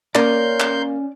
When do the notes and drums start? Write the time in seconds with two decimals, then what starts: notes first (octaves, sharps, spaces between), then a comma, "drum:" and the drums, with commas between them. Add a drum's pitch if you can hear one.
0.15 A#3 C#4 A#4 D5 C6 G6, drum: clap
0.60 drum: clap